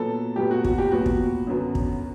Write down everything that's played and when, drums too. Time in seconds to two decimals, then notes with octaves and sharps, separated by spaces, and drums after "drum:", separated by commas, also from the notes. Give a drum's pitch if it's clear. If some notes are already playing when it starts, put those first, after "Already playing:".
Already playing: A#2 F#3 B3 A4
0.36 A#2 F#3 B3 G4
0.51 F#4
0.64 F#4, drum: kick
0.78 G4
0.92 A#2 F#3 B3 F#4
1.06 drum: kick
1.47 F#2 D3 F#3 B3
1.75 drum: kick